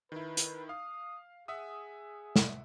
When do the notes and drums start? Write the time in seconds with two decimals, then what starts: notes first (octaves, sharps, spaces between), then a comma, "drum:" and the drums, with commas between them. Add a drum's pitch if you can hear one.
0.12 D#3 E4 B4
0.37 drum: hi-hat
0.69 F5 D#6
1.48 G#4 E5 F#5 D#6
2.36 drum: snare